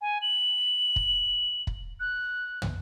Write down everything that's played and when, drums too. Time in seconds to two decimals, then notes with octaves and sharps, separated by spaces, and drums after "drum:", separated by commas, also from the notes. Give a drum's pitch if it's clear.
0.01 G#5
0.22 F#7
0.96 drum: kick
1.67 drum: kick
2.00 F#6
2.62 drum: tom